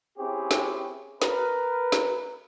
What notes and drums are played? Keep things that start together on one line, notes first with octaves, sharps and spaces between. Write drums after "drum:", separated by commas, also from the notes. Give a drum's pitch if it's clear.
C4 C#4 E4 G4 G#4
drum: snare
A#4 B4, drum: snare
drum: snare